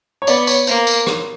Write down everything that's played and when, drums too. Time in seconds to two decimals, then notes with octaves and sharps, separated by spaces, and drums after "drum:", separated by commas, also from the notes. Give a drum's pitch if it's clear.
0.22 C#5
0.27 B3 D5, drum: tambourine
0.47 C#5, drum: tambourine
0.67 A#3 C5, drum: tambourine
0.87 drum: tambourine
1.07 drum: rim click